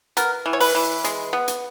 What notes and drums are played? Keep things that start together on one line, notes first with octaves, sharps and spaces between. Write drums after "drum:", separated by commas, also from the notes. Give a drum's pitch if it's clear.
B3 A#4, drum: hi-hat
E3
C#5
B4, drum: open hi-hat
E3
G#3, drum: hi-hat
B3
drum: hi-hat